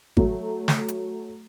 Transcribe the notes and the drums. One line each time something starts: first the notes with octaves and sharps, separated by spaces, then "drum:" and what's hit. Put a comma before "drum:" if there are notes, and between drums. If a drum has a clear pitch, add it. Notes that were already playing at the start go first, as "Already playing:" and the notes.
F#3 A3, drum: kick G#1
drum: snare
drum: hi-hat